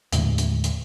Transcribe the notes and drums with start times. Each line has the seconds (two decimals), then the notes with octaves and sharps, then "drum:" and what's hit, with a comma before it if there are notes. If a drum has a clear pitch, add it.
0.12 D#2 A2 D3 G#3, drum: hi-hat
0.38 drum: hi-hat
0.64 drum: hi-hat